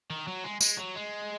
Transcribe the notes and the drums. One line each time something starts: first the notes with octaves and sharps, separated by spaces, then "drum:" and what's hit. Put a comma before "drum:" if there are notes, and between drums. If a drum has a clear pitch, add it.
D#3
F#3
G#3
G#3, drum: tambourine
F#3
G#3